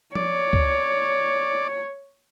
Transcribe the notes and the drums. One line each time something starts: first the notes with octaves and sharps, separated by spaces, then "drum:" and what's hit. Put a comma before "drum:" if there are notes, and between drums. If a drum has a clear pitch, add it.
C#5 D5, drum: tom F3
drum: kick